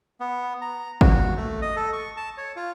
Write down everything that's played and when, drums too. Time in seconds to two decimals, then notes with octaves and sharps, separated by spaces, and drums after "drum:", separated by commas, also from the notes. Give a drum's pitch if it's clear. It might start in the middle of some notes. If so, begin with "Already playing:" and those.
0.20 B3
0.61 A#5
1.01 F#4, drum: kick G#1
1.37 A3
1.62 D#5
1.76 A4
1.93 C#6
2.17 A5
2.37 C#5
2.56 F4